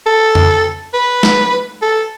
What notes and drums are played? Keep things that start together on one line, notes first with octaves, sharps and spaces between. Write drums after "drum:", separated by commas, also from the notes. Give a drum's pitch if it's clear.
A4
drum: tom F2
B4
drum: snare
A4